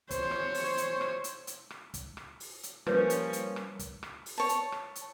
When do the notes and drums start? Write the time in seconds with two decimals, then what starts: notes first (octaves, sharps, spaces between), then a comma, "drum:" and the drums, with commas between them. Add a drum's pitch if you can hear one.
0.10 C5 C#5, drum: kick, hi-hat
0.31 drum: rim click
0.54 drum: open hi-hat
0.78 drum: hi-hat
1.01 drum: rim click
1.24 drum: hi-hat
1.47 drum: hi-hat
1.70 drum: rim click
1.94 drum: kick, hi-hat
2.17 drum: rim click
2.40 drum: open hi-hat
2.63 drum: hi-hat
2.87 F3 G3 A#3 C#4 B4 C#5, drum: rim click
3.10 drum: hi-hat
3.33 drum: hi-hat
3.56 drum: rim click
3.79 drum: kick, hi-hat
4.03 drum: rim click
4.26 drum: open hi-hat
4.38 C#5 A5
4.49 drum: hi-hat
4.72 drum: rim click
4.95 drum: hi-hat